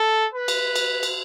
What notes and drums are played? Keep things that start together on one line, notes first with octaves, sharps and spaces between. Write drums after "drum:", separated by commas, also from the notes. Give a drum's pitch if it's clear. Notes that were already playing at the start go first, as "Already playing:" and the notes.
Already playing: A4
B4
drum: cymbal
drum: cymbal
drum: cymbal